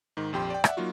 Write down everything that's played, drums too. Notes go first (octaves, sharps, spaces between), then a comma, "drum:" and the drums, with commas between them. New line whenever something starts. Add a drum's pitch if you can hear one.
G#2 D#3
A#1 F2 G4 G5 C6
D5 G5
D5 E5 F#5, drum: rim click
F#3 A#3 D#4 F4 F#4